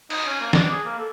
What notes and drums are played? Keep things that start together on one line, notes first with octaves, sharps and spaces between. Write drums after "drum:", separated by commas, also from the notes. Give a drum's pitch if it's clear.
D#4, drum: cymbal
C#4
A#3
D4, drum: snare
G#4
A#3
A4